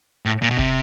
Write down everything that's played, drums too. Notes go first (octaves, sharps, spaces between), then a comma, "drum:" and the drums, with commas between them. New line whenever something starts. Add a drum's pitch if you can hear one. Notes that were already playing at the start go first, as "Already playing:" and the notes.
A2
A#2
B2
C3, drum: kick